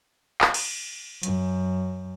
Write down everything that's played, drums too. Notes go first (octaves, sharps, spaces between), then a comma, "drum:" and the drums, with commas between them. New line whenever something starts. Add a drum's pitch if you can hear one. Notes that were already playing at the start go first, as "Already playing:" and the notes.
drum: clap
drum: cymbal
F#2, drum: hi-hat